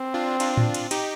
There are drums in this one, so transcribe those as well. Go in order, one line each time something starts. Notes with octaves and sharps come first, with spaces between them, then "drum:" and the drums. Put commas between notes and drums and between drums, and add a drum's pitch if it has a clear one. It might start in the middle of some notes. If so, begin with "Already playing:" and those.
Already playing: C4
D4 F4
D4 F4, drum: cymbal
drum: tom A2
drum: cymbal
D#4 G4, drum: cymbal